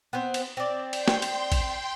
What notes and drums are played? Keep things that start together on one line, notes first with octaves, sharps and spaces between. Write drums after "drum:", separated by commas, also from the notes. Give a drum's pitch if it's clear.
B3 C4 C5
drum: cymbal
C4 D5
G5 C6, drum: cymbal
drum: snare
drum: cymbal
drum: kick, cymbal